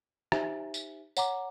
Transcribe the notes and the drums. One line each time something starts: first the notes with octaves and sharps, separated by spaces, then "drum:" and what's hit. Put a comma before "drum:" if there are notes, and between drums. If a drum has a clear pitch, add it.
D#4 G4 C5 E5 G#5, drum: rim click
drum: tambourine
C#5 F#5 A#5 D6, drum: tambourine